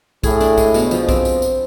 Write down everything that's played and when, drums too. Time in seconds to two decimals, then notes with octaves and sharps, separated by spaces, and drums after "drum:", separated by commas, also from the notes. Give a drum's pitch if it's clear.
0.23 A2 G#4, drum: kick, tambourine
0.41 D4, drum: tambourine
0.58 G#3, drum: kick, tambourine
0.74 B2, drum: tambourine
0.91 F3, drum: tambourine
1.09 C4, drum: kick, tambourine
1.25 drum: tambourine
1.42 drum: tambourine